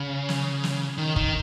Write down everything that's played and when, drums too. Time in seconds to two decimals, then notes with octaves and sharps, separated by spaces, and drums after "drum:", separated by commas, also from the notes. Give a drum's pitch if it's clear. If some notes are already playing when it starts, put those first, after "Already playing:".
Already playing: C#3
0.29 drum: snare
0.64 drum: snare
0.98 D#3
1.16 D#3, drum: kick